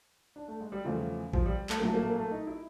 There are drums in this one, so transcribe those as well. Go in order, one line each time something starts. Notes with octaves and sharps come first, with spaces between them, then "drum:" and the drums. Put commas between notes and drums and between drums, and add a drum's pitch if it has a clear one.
D4
A3
G#3
G3
E2 C#3 E3 F3 A3
F3, drum: kick
G3
A3, drum: clap
A#3
A#1 A2 F#3 A3
A#3
A3
A#3
A3
D#4
E4